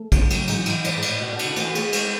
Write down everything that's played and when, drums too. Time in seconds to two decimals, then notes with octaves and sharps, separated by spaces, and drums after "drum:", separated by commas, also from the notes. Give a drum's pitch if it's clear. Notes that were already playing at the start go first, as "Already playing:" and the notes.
Already playing: A3
0.12 C#3, drum: kick, cymbal
0.30 F#3, drum: cymbal
0.47 G#2 E3, drum: cymbal
0.66 G#2 E3, drum: cymbal
0.84 F#2 D5, drum: cymbal
0.96 G#2
1.02 D5, drum: cymbal
1.08 A2
1.21 B2 F#4
1.33 B2
1.39 F#4, drum: cymbal
1.45 D3
1.56 E3 A3, drum: cymbal
1.75 G#4, drum: cymbal
1.93 G#3, drum: cymbal